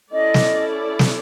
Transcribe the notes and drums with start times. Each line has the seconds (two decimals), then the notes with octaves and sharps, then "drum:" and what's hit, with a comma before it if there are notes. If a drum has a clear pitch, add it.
0.12 C#4 E4 A4 D5 D#5
0.34 drum: snare
0.99 drum: snare